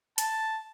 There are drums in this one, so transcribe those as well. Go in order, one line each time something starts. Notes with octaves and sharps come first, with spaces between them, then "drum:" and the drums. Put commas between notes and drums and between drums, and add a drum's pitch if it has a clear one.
A5, drum: hi-hat